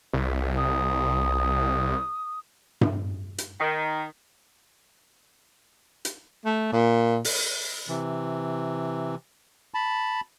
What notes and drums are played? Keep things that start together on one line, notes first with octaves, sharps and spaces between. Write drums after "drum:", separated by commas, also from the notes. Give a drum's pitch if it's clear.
C2 E5
D#6
drum: tom G2
drum: hi-hat
D#3
drum: hi-hat
A3
A#2
drum: open hi-hat
C3 E3
A5 B5